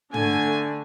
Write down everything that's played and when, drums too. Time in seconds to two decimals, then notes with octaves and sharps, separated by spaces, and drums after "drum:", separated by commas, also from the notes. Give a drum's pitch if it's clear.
0.14 D3 A3 D4 G#5, drum: tom